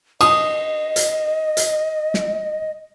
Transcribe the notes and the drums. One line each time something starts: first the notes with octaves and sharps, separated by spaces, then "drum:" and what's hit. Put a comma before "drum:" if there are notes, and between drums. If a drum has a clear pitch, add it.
D#5 D#6, drum: cymbal
drum: hi-hat
drum: hi-hat
drum: snare